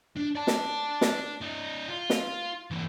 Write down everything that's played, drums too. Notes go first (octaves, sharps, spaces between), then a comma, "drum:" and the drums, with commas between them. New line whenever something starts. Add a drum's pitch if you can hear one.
D4
D5 A5
drum: snare
drum: snare
D4 D#5
F4
drum: snare
E3 A#3